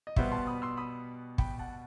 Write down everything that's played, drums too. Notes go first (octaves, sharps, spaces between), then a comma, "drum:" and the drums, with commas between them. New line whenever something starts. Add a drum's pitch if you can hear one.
D#5
B2 G3 B3 C5 E5, drum: kick
A5 C6
B5 D#6
C6 E6
B5 D#6
G5 B5, drum: kick
F#5 A5